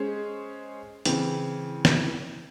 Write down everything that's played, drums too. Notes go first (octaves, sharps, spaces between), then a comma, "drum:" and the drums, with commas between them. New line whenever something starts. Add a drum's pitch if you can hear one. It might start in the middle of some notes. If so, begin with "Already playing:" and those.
Already playing: G#3 C#4 G#4 C5
C#3 E3 C4, drum: hi-hat
drum: snare